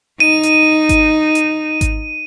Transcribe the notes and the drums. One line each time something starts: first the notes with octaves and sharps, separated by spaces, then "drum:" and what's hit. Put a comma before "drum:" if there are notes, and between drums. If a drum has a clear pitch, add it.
D#4 D#7
drum: hi-hat
drum: kick G#1, hi-hat
drum: hi-hat
drum: kick G#1, hi-hat